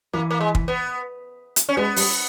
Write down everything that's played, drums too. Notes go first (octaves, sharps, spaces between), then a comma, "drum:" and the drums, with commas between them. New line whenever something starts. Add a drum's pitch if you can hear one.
E3 A#3
A#3
G#3
drum: kick
B3
drum: hi-hat
C#4
G#3 B3
G3, drum: open hi-hat